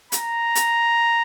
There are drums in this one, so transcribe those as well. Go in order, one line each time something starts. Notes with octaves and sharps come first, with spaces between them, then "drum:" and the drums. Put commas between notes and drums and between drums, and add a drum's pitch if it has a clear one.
A#5, drum: hi-hat
drum: hi-hat